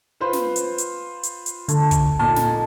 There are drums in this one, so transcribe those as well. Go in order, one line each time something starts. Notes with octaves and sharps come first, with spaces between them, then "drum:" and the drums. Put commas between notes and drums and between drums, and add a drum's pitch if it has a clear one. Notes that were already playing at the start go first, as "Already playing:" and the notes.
F4 B4 C5
drum: snare
drum: hi-hat
drum: hi-hat
drum: hi-hat
drum: hi-hat
D3 A3, drum: hi-hat
drum: kick, hi-hat
A#2 D#4 A4 A5
drum: snare